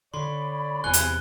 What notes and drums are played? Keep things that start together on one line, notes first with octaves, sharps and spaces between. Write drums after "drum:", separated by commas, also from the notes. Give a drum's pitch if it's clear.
D3 C#5 D5 B5 C6
E2 C3 G#5 F#6 G7
drum: hi-hat